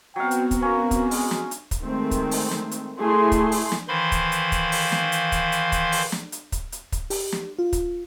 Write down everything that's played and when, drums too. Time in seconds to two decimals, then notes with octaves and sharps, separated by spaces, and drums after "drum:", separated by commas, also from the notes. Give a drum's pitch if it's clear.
0.16 F#3 B3 C4 F#4 F5 G5
0.31 drum: hi-hat
0.51 drum: kick, hi-hat
0.62 A#3 C#4
0.91 drum: kick, hi-hat
1.11 G#3, drum: open hi-hat
1.31 drum: snare
1.51 drum: hi-hat
1.71 drum: kick, hi-hat
1.84 D#3 G#3 A3 C4
2.11 drum: kick, hi-hat
2.31 drum: open hi-hat
2.51 drum: snare
2.71 drum: hi-hat
3.00 A3 E4 G#4 C6
3.32 drum: kick, hi-hat
3.52 drum: open hi-hat
3.72 drum: snare
3.88 D#3 E3 C5 F5 B5 C6
4.12 drum: kick, hi-hat
4.32 drum: hi-hat
4.52 drum: kick, hi-hat
4.72 drum: open hi-hat
4.92 drum: snare
5.12 drum: hi-hat
5.32 drum: kick, hi-hat
5.52 drum: hi-hat
5.72 drum: kick, hi-hat
5.92 drum: open hi-hat
6.12 drum: snare
6.32 drum: hi-hat
6.52 drum: kick, hi-hat
6.72 drum: hi-hat
6.92 drum: kick, hi-hat
7.10 G4, drum: open hi-hat
7.32 drum: snare
7.59 F4
7.73 drum: kick, hi-hat